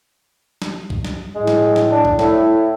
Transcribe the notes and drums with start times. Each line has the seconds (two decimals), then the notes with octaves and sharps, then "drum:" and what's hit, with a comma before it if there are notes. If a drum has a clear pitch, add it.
0.62 drum: snare
0.90 drum: kick
1.05 drum: snare
1.35 A2 G#3
1.47 drum: snare
1.76 drum: snare
1.92 D4
2.05 drum: kick
2.19 A2 E4, drum: snare